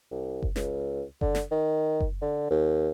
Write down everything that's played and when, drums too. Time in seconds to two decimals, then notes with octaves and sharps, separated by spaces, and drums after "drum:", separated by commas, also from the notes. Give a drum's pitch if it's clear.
0.11 C2
0.43 drum: kick F#1
0.56 C#2, drum: snare
1.21 D3, drum: kick F#1
1.35 drum: snare
1.51 D#3
2.00 drum: kick F#1
2.22 D3
2.50 D#2